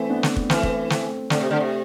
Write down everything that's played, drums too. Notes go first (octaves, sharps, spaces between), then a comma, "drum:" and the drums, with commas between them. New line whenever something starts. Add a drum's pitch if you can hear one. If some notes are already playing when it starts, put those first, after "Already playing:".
Already playing: E3 A3 C4
B3 D4
drum: snare
drum: kick
E3 A3 C4, drum: snare
drum: kick
A3 C4, drum: snare
D3 A3 C4, drum: snare
C3
D3
C3